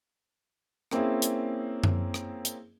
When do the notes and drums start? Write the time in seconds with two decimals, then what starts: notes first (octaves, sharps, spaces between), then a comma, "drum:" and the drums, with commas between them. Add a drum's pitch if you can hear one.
0.91 A#3 C4 C#4 E4 G#4, drum: rim click
1.22 drum: hi-hat
1.84 drum: tom F#2
2.14 drum: rim click
2.45 drum: hi-hat